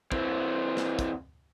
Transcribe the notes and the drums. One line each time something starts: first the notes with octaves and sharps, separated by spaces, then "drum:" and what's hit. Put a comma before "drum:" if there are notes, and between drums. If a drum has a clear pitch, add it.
E3 C4, drum: kick
drum: snare
drum: kick, hi-hat